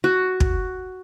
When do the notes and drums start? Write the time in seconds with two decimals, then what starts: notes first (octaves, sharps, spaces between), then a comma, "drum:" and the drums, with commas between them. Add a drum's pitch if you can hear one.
0.04 F#4
0.40 drum: kick